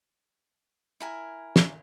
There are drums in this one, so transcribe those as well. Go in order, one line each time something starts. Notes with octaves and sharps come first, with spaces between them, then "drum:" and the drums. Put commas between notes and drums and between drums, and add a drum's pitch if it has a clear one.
E4 A#4 G#5
drum: snare